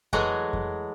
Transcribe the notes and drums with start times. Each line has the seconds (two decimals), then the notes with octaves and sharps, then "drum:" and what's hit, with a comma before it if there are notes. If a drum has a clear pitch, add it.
0.13 E3 F#3 G#3 A3 G#4, drum: kick F2
0.53 drum: kick F2